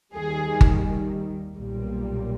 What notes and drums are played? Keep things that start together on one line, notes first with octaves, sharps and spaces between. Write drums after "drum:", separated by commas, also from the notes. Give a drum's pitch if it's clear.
D#2 D#3 G3 G#4
drum: kick G1
B1 A#2 G3